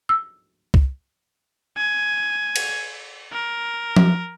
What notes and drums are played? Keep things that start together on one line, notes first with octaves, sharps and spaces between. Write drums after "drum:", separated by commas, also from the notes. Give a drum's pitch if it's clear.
E6
drum: kick C2
G#5
drum: cymbal
A#4
drum: tom F3